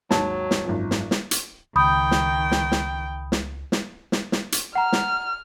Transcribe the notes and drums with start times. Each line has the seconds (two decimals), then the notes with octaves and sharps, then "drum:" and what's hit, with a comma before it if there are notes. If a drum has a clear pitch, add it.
0.11 D#2 G#2 F#3 A5, drum: snare
0.51 drum: snare
0.64 G#1 F#2 F3
0.91 drum: snare
1.11 drum: snare
1.31 drum: hi-hat
1.76 C#2 D#3 G5 B5 D#6 G6
2.11 drum: snare
2.52 drum: snare
2.72 drum: snare
3.32 drum: snare
3.72 drum: snare
4.12 drum: snare
4.32 drum: snare
4.52 drum: hi-hat
4.75 F#5 A#5 F6
4.92 drum: snare